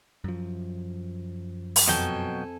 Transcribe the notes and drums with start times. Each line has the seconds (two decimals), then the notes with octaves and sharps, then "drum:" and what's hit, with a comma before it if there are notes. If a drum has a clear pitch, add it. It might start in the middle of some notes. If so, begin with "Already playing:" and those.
0.24 F#2 F3
1.76 drum: open hi-hat
1.88 F2 B2 F#3 A4 G5 G#5